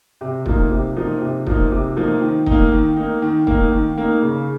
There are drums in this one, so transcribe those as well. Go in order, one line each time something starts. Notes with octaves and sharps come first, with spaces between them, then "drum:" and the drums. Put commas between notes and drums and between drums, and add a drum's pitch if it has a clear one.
C3
F3 A#3 D#4, drum: kick
C3
F3 A#3 D#4
C3
F3 A#3 D#4, drum: kick
C3
F3 A#3 D#4
D#3
D#4, drum: kick
A#3
D#3
A#3 D#4
D#3
A#3 D#4, drum: kick
D#3
A#3 D#4
C#3